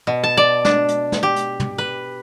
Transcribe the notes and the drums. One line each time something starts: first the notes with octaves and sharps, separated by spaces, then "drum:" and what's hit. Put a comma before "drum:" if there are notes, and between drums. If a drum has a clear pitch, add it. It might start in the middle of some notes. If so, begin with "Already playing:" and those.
B2
A5
D5
D4, drum: snare
drum: hi-hat
drum: snare
G4
drum: hi-hat
drum: tom
B4